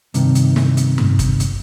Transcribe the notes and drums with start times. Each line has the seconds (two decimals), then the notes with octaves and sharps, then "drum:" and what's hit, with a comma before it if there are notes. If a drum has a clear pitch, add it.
0.14 G2 C3 D#3, drum: hi-hat
0.35 drum: hi-hat
0.56 drum: snare
0.77 drum: hi-hat
0.98 drum: tom G2
1.19 drum: kick, hi-hat
1.40 drum: hi-hat